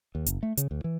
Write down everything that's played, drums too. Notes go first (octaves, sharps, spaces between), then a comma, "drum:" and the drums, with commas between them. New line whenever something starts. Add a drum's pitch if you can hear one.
D#2
F#1, drum: hi-hat
A3
C#3, drum: hi-hat
D2
E3